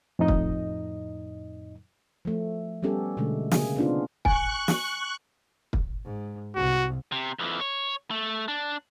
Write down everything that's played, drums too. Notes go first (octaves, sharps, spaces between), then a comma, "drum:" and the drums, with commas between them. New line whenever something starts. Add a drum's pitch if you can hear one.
F2 A2 D#4 D#5
drum: kick
F3 A3
G3 B3 C#4 G4 A4
B2 D3 G#3 A3
C#3 A#3 G#4, drum: snare
B3 C4 D4 D#4 F4
G#5 C#6 F#6, drum: kick
drum: snare
drum: kick
G#2
C2 F#4
C3
F2 E3
C#5
A3
D4